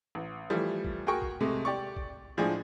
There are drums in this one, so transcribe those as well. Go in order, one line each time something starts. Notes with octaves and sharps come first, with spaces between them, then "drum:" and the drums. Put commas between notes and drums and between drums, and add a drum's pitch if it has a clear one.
A1
E3 F3 G3 A3
drum: kick
F#4 G#4 A#4 G5 C#6
drum: kick
C3 G#3 A3
G4 D5 C#6
drum: kick
A2 F3 G#3 D4 G#4